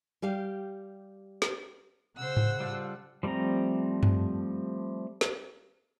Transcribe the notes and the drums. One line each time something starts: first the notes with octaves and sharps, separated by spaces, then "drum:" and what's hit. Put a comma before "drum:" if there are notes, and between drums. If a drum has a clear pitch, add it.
G3 G4 F5
drum: snare
C#3 C5 F#5 E6
drum: tom G#2
G3 F4 A4
F3 G3 A3 C4 A#5
drum: tom F#2
drum: snare